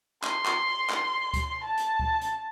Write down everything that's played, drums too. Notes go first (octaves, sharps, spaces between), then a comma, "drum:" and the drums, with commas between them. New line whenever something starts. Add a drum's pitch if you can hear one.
C6, drum: clap
drum: clap
drum: clap
drum: kick D2, hi-hat
A5
drum: hi-hat
drum: kick D2
drum: hi-hat